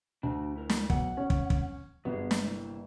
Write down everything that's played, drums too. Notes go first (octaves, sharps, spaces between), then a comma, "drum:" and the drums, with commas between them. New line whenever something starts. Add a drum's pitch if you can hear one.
D2 D4 F#4
E4 A#4
drum: snare
B1 F#5, drum: kick
C#4
drum: kick
drum: kick
G1 B3 F#4 G#4
drum: snare
C3 A#3 E4